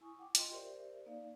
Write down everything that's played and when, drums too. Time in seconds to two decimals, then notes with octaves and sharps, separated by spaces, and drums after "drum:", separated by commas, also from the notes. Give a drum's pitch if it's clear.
0.01 E4 G#5 C#6 D#6
0.19 F#5 G5 D6
0.35 F4 D#5 G5 C6, drum: hi-hat
0.51 G4 A#4 C5 D5 E5
1.06 A#3 D#4 D5 F5